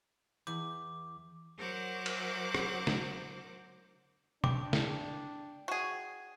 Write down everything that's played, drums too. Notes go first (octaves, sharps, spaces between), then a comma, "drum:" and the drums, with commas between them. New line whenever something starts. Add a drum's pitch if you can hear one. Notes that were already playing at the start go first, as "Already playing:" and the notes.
E2 E3 D6
F#3 A#4 C5 F#5 D6
drum: cymbal
drum: rim click
drum: snare
D4 G5 D6, drum: tom
drum: snare
F#4 G#4